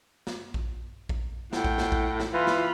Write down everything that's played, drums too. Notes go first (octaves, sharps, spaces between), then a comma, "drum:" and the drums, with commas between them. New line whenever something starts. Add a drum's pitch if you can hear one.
drum: snare
drum: kick A#1
drum: kick A#1
A2 F#5 G5, drum: snare
drum: kick A#1
drum: snare
drum: kick A#1
drum: snare
E3 F4 B5
drum: snare